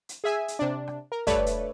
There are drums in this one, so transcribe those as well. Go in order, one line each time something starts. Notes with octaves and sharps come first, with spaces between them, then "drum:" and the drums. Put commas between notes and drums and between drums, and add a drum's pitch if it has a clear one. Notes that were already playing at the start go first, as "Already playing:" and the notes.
drum: hi-hat
G#4 E5 G#5
drum: hi-hat
C3 D4
drum: rim click
A#4
G2 A3 A4 B4 C#5 D5, drum: kick, hi-hat
drum: hi-hat